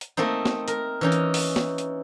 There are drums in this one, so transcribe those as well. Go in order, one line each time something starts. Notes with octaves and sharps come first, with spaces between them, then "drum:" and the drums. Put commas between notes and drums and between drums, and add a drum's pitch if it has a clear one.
drum: hi-hat
A3 A#3 C4 D#4
drum: snare
A#4, drum: hi-hat
E3 C#4 D#4
drum: hi-hat
drum: open hi-hat
drum: snare
drum: hi-hat